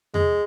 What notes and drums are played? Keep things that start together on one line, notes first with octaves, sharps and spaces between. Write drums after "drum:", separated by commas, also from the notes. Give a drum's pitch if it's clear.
G#3, drum: tom E2